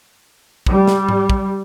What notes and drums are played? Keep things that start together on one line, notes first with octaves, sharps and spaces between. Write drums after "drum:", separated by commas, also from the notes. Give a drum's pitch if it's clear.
G3, drum: kick
drum: snare
drum: tom G#2
drum: kick